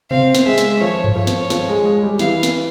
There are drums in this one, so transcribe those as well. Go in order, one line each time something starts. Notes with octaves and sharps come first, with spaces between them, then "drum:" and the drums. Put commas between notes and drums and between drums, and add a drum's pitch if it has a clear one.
C4 F5, drum: tom C3
drum: snare
G#3 E5
drum: snare
F3 C#5
drum: tom G2
F3 C#5
drum: snare
F3, drum: snare
G#3
G#3
G3
E3 F5, drum: snare
drum: snare